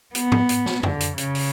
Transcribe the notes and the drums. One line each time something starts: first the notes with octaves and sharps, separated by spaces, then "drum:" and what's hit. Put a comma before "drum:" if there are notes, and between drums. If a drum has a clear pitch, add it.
B3, drum: hi-hat
drum: tom G#2
drum: hi-hat
drum: snare
D3, drum: tom F2
drum: hi-hat
C#3, drum: hi-hat
drum: open hi-hat